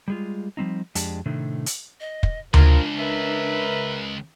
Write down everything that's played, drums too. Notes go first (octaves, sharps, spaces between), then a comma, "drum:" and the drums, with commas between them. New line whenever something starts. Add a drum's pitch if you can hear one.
G3 G#3 F4
F3 G3 C4 D#4
F2 G#3 D4 G4 A5, drum: hi-hat
A2 C3 D#3 A3 D4
drum: hi-hat
D#5
drum: kick
C#2 F3 D4 F4 A#4, drum: tom D2
A#4 B4 E5